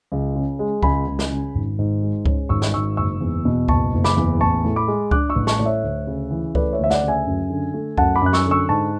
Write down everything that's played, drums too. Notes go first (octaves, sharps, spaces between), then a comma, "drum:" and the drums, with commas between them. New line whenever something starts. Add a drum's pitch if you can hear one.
C#2
C#3
G#3
C#2 G#5 B5, drum: kick C#2
C#2
drum: snare
C#3
G#1
G#2
G#3
C#4, drum: kick C#2
G#1 C#6 E6
drum: snare
G#2 C#6 E6
F#1 C#6 E6
E2
B2
F#1 A5 C#6, drum: kick C#2
F#1
B5 D6, drum: snare
E2
A1 A5 C#6
A2
B5 D6
G#3
D4 D6 F#6, drum: kick C#2
C#6 E6
A1
A5 C#6, drum: snare
A2 D5
C#5 E5
D2
C#3
E3
A3 B4 D5, drum: kick C#2
C#5 E5
D2
E5
D5 F#5, drum: snare
C#3
E5 G#5
F#2
D3
A3
F#2 F#5 A5, drum: kick C#2
B5 D6
F#2 F#6
C#6 E6, drum: snare
D3
C#6 E6
G#2 A5 C#6